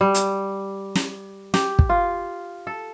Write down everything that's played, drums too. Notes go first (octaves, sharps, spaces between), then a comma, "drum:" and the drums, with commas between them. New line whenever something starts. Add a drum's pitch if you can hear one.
G3
drum: hi-hat
drum: snare
G4, drum: snare
drum: kick
F4
A4